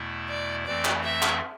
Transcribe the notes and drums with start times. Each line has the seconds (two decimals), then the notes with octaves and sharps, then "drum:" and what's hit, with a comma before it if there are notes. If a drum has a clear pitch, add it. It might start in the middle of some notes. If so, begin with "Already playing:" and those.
Already playing: E2 B2 A3 E4
0.29 D5
0.66 F2 E3 A3 C4 D5
0.85 drum: clap
1.03 E5
1.22 drum: clap